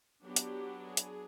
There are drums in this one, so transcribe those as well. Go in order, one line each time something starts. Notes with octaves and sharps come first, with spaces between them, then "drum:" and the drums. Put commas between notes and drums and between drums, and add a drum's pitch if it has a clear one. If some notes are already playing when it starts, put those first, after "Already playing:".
F#3 B3 D4 G4
drum: hi-hat
G#4
drum: hi-hat